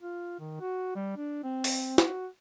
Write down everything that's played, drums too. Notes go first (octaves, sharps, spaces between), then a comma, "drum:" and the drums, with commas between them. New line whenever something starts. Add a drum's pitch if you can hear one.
F4
D#3
F#4
G3
D4
C4
drum: open hi-hat
F#4, drum: snare